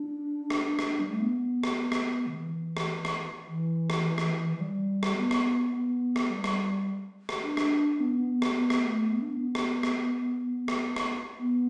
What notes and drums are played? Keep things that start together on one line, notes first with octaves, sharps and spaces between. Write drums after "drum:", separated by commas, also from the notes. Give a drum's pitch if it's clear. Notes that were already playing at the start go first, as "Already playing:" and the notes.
Already playing: D4
drum: rim click
drum: rim click
G3
A3
B3
drum: rim click
B3
drum: rim click
D3
E3
drum: rim click
drum: rim click
E3
drum: rim click
drum: rim click
E3
G3
drum: rim click
B3
drum: rim click
B3
drum: rim click
G3
drum: rim click
drum: rim click
D4
drum: rim click
B3
drum: rim click
B3
drum: rim click
A3
B3
D4
B3
drum: rim click
drum: rim click
drum: rim click
drum: rim click
B3